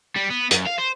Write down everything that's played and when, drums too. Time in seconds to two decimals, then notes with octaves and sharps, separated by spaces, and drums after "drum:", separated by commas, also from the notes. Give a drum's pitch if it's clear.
0.16 G3
0.30 B3
0.51 F#2, drum: hi-hat
0.67 F5
0.79 C5